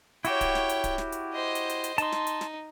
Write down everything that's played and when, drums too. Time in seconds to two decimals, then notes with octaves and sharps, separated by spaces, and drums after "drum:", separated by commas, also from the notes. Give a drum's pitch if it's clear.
0.25 E4 F#4 G4 C#5 G5, drum: hi-hat
0.41 drum: kick D1, hi-hat
0.55 drum: snare
0.69 drum: hi-hat
0.84 drum: kick D1, hi-hat
0.98 drum: snare
1.12 drum: hi-hat
1.34 C5 D#5
1.55 drum: hi-hat
1.69 drum: hi-hat
1.84 drum: hi-hat
1.98 D#4 A5 C6, drum: hi-hat
2.12 drum: snare
2.27 drum: hi-hat
2.41 drum: snare